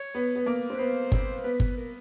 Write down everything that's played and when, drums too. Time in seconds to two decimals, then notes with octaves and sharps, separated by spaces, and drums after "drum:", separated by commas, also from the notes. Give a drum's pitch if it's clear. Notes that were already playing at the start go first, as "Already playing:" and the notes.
Already playing: C#5
0.15 B3
0.36 B3
0.46 A#3
0.70 C4
0.75 B4
0.79 B3 C5
1.12 C4, drum: kick G1
1.44 B3 B4
1.60 B4, drum: kick G1
1.77 A#4